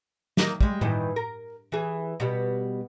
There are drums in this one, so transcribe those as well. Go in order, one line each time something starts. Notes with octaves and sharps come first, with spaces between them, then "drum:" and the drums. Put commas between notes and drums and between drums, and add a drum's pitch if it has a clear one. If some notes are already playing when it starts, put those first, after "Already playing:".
D#3 A#3 D#4, drum: snare
G3 G#3, drum: kick
G2 D#3 E3, drum: tom A2
A#4
E3 G#4
B2 G3 B3